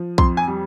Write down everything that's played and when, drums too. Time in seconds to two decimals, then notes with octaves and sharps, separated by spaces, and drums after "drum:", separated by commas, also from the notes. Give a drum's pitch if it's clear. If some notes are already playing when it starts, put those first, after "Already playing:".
Already playing: F3
0.18 F2 C6, drum: kick B1
0.37 G#5
0.47 G3